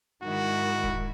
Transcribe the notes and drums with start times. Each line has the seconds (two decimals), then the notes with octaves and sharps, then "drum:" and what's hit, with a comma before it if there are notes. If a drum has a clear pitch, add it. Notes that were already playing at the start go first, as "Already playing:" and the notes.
0.22 G#2 D#3 E4 F#4
0.84 drum: kick D#1